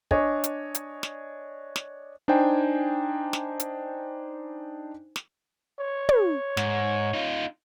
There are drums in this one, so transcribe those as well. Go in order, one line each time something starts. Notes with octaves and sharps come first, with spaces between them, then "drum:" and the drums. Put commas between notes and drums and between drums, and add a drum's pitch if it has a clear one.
D4 C#5 D#5 G#5, drum: kick
drum: hi-hat
drum: hi-hat
drum: snare
drum: snare
D4 D#4 C5 G5 G#5
drum: snare
drum: hi-hat
drum: snare
C#5
drum: tom
G#2, drum: snare
D#4 F4